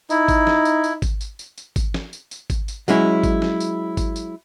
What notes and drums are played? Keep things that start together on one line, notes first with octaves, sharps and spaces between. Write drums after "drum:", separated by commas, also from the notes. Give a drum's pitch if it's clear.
D#4 E4, drum: tambourine
drum: kick G#1, tambourine
drum: snare
drum: tambourine
drum: tambourine
drum: kick G#1, tambourine
drum: tambourine
drum: tambourine
drum: tambourine
drum: kick G#1, tambourine
drum: snare
drum: tambourine
drum: tambourine
drum: kick G#1, tambourine
drum: tambourine
F#3 G#3 C#4 E4, drum: tambourine
drum: kick G#1, tambourine
drum: snare
drum: tambourine
drum: kick G#1, tambourine
drum: tambourine